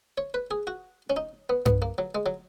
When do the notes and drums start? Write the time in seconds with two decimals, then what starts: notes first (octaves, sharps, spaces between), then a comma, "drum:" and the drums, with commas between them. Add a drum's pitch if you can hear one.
0.18 C#5
0.34 B4
0.51 G#4
0.67 F#4
1.10 C#4
1.16 D#4
1.49 B3
1.66 B3, drum: tom G2
1.82 A#3
1.98 F#3
2.15 G#3
2.26 F#3